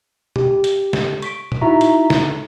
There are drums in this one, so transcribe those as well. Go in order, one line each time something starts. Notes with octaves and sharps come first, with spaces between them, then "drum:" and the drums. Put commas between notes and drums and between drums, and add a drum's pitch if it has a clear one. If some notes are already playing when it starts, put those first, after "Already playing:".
G4, drum: tom B2
drum: hi-hat
drum: snare
C#6 B6 D7, drum: hi-hat
drum: tom A#2
D#4 E4 F#4 E5 A#5 C#6
drum: hi-hat
drum: snare